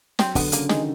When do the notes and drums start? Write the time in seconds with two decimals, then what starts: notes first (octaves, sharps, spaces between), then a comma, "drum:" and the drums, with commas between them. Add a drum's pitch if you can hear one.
0.19 F#3 C4, drum: snare
0.35 D3 B3, drum: kick, open hi-hat
0.52 C#3 A#3, drum: hi-hat
0.69 D#3 G#3, drum: snare